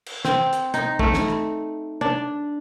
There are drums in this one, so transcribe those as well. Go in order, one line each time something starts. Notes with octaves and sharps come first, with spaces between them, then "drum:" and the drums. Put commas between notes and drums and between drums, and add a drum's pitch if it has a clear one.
drum: cymbal
C4, drum: snare
drum: hi-hat
D#4, drum: hi-hat
A3, drum: kick
drum: snare
drum: rim click
D4